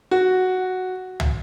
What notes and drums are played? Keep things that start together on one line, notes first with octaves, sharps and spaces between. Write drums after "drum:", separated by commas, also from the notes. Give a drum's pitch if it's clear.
F#4
drum: tom